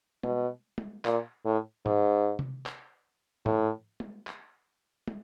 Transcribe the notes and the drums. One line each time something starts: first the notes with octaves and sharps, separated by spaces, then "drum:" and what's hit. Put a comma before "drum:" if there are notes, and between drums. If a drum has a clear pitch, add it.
B2, drum: tom
drum: tom
A#2, drum: clap
A2
G#2, drum: tom G#2
drum: tom C3
drum: clap
A2, drum: tom G#2
drum: tom
drum: clap
drum: tom